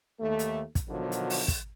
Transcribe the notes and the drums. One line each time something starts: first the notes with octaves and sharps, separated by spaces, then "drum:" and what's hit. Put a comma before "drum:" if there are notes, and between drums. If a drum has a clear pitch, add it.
D#2 A3
drum: hi-hat
drum: kick, hi-hat
B2 D3 D#3 F3 F#3
drum: hi-hat
drum: open hi-hat
drum: kick, hi-hat